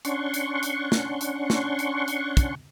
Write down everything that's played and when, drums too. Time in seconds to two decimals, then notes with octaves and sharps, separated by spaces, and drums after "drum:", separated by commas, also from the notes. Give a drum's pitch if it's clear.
0.05 C#4 D4 F#5 C6 C#6, drum: hi-hat
0.34 drum: hi-hat
0.63 drum: hi-hat
0.92 drum: snare
1.21 drum: hi-hat
1.50 drum: snare
1.79 drum: hi-hat
2.08 drum: hi-hat
2.37 drum: kick, hi-hat